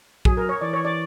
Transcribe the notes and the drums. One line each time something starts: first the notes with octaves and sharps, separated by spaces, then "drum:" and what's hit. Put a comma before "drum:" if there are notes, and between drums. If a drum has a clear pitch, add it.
F#3 G#4, drum: kick
A#4
C#5
E3 D5
C#5
D5